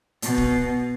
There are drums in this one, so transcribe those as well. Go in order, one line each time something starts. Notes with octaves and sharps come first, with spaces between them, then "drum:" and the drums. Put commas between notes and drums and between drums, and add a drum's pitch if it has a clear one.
B2, drum: hi-hat
drum: kick